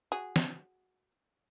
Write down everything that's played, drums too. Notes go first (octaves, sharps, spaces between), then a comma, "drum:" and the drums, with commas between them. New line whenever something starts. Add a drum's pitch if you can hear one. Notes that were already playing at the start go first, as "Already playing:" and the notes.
F#4 G#4
drum: snare